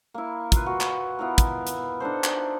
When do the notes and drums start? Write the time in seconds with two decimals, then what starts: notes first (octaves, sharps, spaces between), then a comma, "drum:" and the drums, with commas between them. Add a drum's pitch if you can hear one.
0.14 A#3 E4
0.52 F4 B4, drum: kick, hi-hat
0.66 F#4
0.81 drum: clap
1.19 B3 E4 F4 A#4
1.38 drum: kick, hi-hat
1.67 drum: hi-hat
2.00 D4 D#4 A4 C5
2.24 drum: clap